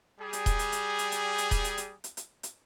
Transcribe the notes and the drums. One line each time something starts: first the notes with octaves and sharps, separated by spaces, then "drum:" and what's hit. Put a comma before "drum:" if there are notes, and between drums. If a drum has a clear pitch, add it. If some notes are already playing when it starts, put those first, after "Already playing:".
G3 G#4
drum: hi-hat
drum: kick D#1, hi-hat
drum: hi-hat
drum: hi-hat
drum: hi-hat
drum: hi-hat
drum: hi-hat
drum: kick D#1, hi-hat
drum: hi-hat
drum: hi-hat
drum: hi-hat
drum: hi-hat
drum: hi-hat